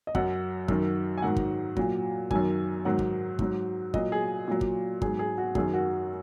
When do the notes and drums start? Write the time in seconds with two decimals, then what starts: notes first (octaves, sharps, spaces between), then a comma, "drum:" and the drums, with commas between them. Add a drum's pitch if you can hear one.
0.07 D#5
0.15 F#2 F#3 F#5, drum: kick
0.68 F#2 D#3 F#3, drum: kick
1.18 G#5
1.22 G#2 D#3 F#3 F#5
1.37 drum: kick
1.77 A#2 F#3, drum: kick
2.31 F#2 D#3 F#3 G#5, drum: kick
2.85 G#2 D#3 F#3 F#5
2.99 drum: kick
3.39 G#2 F#3, drum: kick
3.94 A#2 F#3 D#5, drum: kick
4.12 G#4
4.48 A#2 F#3
4.61 drum: kick
5.02 G#2 F#3 G#4, drum: kick
5.19 G#4
5.38 F#4
5.55 F#2 D#3 F#3 G#4, drum: kick
5.74 F#4